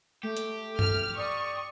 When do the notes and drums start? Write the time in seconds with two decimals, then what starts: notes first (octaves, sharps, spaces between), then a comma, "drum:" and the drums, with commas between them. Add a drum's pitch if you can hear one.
0.23 A3 G4
0.37 drum: hi-hat
0.79 F6, drum: tom G2
1.17 D5 C#6 D#6